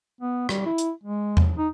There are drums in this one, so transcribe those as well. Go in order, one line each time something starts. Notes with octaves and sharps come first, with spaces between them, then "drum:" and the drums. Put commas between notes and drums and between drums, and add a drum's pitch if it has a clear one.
B3
G3, drum: rim click
E4
drum: hi-hat
G#3
drum: tom E2
D#4